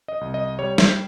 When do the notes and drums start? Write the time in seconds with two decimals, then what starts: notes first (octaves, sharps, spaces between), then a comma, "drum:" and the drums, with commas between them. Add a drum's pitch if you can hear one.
0.08 D#5
0.21 C2
0.34 D#5
0.59 G3 C#5
0.78 C5, drum: snare